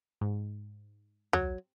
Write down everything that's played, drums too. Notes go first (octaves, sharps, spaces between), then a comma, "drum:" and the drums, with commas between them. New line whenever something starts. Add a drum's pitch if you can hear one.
G#2
F#3, drum: tom